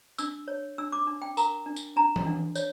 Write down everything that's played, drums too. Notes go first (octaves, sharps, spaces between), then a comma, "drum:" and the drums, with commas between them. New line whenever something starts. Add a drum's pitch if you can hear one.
D4 E6, drum: tambourine
C#5
D4 E6
D6
D4
G5
A#4 A#5, drum: tambourine
D4
drum: tambourine
D4 A#5
drum: tom E3
D4
C#5, drum: tambourine